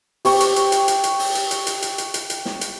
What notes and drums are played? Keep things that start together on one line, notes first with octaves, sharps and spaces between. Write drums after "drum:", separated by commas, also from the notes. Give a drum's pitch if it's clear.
G4 C#5 C#6, drum: open hi-hat
drum: hi-hat
drum: hi-hat
drum: hi-hat
drum: hi-hat
drum: hi-hat
drum: open hi-hat
drum: hi-hat
drum: hi-hat
drum: hi-hat
drum: hi-hat
drum: hi-hat
drum: hi-hat
drum: hi-hat
drum: snare
drum: hi-hat